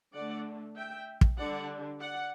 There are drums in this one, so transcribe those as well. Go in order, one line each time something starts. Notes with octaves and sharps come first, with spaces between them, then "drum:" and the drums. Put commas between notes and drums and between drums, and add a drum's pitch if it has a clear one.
D3 A3 D4 D5 F#5
E5 G5
drum: kick
D3 G3 D4 D5 F#5
D5 F#5